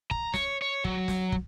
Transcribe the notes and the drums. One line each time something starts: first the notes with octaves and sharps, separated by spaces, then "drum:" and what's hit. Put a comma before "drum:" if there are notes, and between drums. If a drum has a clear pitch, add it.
A#5, drum: kick
C#5, drum: snare
C#5
F#3, drum: kick
drum: snare
drum: kick